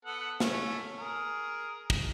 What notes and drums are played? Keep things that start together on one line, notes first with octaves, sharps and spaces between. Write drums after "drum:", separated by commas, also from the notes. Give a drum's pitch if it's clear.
B3 A4 F#5
A3 C#4, drum: snare
G#4 A#4
drum: kick